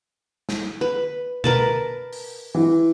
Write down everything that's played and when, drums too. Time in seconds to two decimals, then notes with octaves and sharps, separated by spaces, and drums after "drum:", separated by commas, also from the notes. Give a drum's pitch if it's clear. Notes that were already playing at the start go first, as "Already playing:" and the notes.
0.49 drum: snare
0.81 B4
1.44 A#4 B4 A5, drum: tom B2
2.13 drum: open hi-hat
2.55 E3